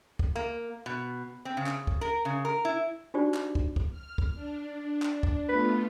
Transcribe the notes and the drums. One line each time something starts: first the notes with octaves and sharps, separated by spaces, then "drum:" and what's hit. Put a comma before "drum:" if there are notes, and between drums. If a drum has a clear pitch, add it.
drum: kick
A#3
B2
C4
C#3
drum: clap
drum: kick
A#4
C#3
A#4
E4
D4 D#4 F#4 G4 C5 D5
drum: clap
drum: kick
drum: kick
F6
drum: kick
D4
drum: clap
drum: kick
A3 B3 F4 B4